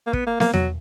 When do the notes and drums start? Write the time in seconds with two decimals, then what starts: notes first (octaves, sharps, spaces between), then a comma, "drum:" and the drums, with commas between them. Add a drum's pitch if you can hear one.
0.07 A#3
0.13 B3, drum: kick
0.26 A#3
0.40 A#3, drum: snare B3
0.53 F#3, drum: tom E2